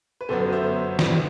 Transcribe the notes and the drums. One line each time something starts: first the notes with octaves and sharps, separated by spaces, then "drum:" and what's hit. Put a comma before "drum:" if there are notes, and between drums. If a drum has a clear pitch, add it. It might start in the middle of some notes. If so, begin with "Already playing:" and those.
B4
G1 F#2 F#3 B3 A4 C5
C5 E5
drum: snare